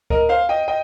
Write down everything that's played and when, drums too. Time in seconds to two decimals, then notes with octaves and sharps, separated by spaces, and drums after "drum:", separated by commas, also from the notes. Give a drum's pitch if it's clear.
0.10 A#4 D#5, drum: kick C#2
0.29 C5 F5
0.49 D#5 G5
0.68 D#5 G5